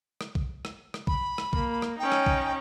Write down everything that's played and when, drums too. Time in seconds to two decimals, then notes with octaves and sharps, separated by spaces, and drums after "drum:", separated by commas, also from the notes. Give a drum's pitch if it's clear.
0.21 drum: rim click
0.35 drum: kick
0.65 drum: rim click
0.94 drum: rim click
1.07 B5, drum: kick
1.38 drum: rim click
1.53 A#3, drum: kick
1.82 drum: rim click
1.99 C#4 D#4 G5
2.12 drum: rim click
2.26 drum: kick